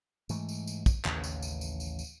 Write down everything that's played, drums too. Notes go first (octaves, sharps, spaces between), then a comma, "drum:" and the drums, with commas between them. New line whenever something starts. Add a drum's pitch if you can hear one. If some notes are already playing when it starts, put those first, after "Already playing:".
G#2 E3 A3, drum: tambourine
drum: tambourine
drum: tambourine
drum: kick, tambourine
A1 D#2 C#3 E3, drum: clap
drum: tambourine
drum: tambourine
drum: tambourine
drum: tambourine
drum: tambourine